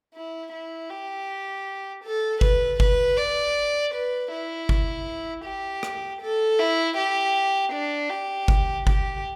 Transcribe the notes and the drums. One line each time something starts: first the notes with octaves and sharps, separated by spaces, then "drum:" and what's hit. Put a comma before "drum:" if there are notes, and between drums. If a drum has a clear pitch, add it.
E4
E4
G4
A4
B4, drum: kick G1
B4, drum: kick G1
D5
B4
E4
drum: kick G1
G4
drum: rim click
A4
E4
G4
D4
G4
drum: kick G1
G4, drum: kick G1